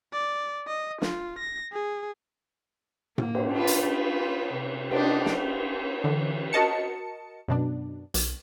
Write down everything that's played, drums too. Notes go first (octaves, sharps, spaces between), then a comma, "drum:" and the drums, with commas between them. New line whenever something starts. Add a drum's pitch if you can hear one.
D5
D#5
F4, drum: snare
A#6
G#4
A#3, drum: tom A2
drum: cymbal
D4 F4 B4
drum: hi-hat
F4 B4
C3
D4 D#4 G4, drum: cymbal
drum: snare
D3 E3
F#4 A#4 D#5 A5 C#7
F#2 B2 D4
B1, drum: hi-hat